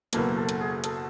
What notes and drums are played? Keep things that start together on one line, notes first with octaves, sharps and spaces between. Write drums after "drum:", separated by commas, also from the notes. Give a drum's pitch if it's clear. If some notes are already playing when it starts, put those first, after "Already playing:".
F#1 E2 B2 F#3 A#3 A4, drum: hi-hat
A4
drum: hi-hat
G#4
A4, drum: hi-hat